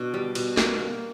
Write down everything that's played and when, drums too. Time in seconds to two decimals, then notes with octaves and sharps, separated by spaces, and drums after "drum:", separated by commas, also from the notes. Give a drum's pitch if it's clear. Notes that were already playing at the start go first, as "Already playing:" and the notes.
Already playing: B2 D4
0.14 G3
0.35 B2, drum: cymbal
0.57 A#3, drum: snare
0.79 A#3